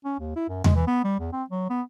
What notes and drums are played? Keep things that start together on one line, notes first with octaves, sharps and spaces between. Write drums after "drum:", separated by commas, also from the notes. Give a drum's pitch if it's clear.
C#4
D#2
E4
F#2
G#3, drum: tom E2
E3
B3
G3
E2
C4
F#3
B3